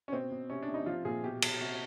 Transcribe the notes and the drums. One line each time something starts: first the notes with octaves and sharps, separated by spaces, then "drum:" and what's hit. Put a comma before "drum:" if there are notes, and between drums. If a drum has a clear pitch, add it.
C#4
B2 C4
B2
C3 C#4
D4
C3
D#4
F3 F4
A#2 G#4
B2 G4
B2, drum: cymbal
C3 F#4